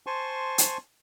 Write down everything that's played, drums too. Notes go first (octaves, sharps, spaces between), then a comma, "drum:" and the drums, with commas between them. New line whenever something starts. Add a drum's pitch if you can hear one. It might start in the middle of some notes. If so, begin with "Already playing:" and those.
C5 G#5 A5 C6 C#6
drum: hi-hat